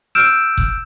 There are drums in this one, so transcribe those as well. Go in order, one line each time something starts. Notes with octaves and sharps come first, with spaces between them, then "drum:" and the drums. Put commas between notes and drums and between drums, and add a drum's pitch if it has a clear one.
E6 F6 G6 D7 E7
drum: kick F#1